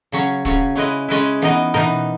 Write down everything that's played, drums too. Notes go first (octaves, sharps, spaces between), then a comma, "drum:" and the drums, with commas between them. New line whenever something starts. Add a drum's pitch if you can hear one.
C#3 F#3 C#4
C#3 F#3 C#4, drum: kick
G#3 C#4 E4 B4 D#5
G#3 C#4 E4 B4 D#5
E3 B3 D#4 A#4 D#5
E3 B3 D#4 A#4 D#5, drum: tom B2